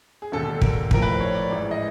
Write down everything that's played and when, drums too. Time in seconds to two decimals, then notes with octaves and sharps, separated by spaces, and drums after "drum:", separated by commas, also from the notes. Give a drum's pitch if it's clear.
0.22 G#4
0.32 E1 D#2 D3 A4
0.51 A4
0.62 A#4, drum: kick
0.91 A#1 A2 F3 A#4, drum: kick
1.02 B4
1.11 C5
1.20 C#5
1.34 D5
1.49 A1 G#2 E3
1.71 D#5